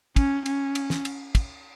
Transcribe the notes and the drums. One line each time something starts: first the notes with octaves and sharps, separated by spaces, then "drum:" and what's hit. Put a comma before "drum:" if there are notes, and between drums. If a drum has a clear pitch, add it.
C#4, drum: kick, cymbal
C#4, drum: cymbal
drum: cymbal
drum: snare
drum: cymbal
drum: kick, cymbal